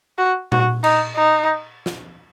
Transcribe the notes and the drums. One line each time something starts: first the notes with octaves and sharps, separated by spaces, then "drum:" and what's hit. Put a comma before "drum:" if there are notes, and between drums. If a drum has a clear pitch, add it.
F#4
F#4, drum: tom A#2
D#4, drum: cymbal
D#4
drum: snare